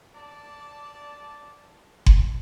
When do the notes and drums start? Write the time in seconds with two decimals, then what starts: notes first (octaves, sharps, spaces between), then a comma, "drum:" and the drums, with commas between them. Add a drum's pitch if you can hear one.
0.15 D5 A5
2.06 drum: kick F#1